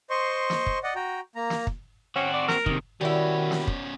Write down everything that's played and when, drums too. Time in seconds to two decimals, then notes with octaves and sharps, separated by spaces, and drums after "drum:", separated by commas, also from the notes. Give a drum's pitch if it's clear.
0.10 C5 D#5 C6 C#6
0.50 drum: snare
0.67 drum: kick
0.83 D5 D#5 F#5
0.95 F#4 G5 A#5
1.36 A#3 A#5
1.50 drum: snare
1.67 drum: kick
2.16 C4 C#4 F#4
2.34 D5
2.48 A#4, drum: snare
2.66 C3 D#3, drum: kick
3.01 B2 D#3 G3 C#4 E4 F#4
3.51 drum: snare
3.67 drum: kick